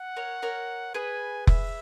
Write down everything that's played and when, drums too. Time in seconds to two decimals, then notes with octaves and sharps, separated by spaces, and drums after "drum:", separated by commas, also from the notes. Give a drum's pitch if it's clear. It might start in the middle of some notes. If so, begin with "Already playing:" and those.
Already playing: F#5
0.17 A#4 C#5
0.42 A#4 C#5
0.94 G#4 B4 G#5
1.47 E5, drum: kick F1